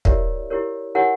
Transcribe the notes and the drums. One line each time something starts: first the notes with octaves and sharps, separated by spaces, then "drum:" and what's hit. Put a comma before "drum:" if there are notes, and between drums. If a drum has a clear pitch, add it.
E4 G4 A#4 C#5 D5 E5, drum: kick
E4 G4 A#4 C#5
E4 G4 A#4 C#5 F#5 G#5